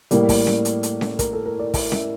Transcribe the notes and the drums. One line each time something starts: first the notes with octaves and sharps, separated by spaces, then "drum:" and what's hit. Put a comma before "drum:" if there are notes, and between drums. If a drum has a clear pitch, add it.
A2 G3 A#3, drum: hi-hat
drum: kick, open hi-hat
drum: snare C#4
drum: hi-hat
drum: hi-hat
drum: snare C#4
A#4, drum: kick, hi-hat
A4
A#4
D5
E5, drum: kick, open hi-hat
E5, drum: snare C#4